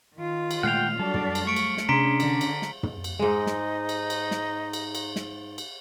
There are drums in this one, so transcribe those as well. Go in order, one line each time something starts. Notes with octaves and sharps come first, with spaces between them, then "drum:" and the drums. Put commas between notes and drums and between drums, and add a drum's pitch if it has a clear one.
D#3 F4
drum: cymbal
A#2 G#3 A3 F#5 G5 F6 C7 F7
F#3 G3 D4 F#4 A4
drum: tom
drum: cymbal
A3 C#6 C#7 D7
drum: cymbal
drum: snare
C3 C#4 D4 G#4 A#5 C6 B6 D7
D3, drum: cymbal
drum: cymbal
drum: snare
drum: tom
drum: cymbal
G#2 G#3 D#4
drum: snare
drum: cymbal
drum: cymbal
drum: snare
drum: cymbal
drum: cymbal
drum: snare
drum: cymbal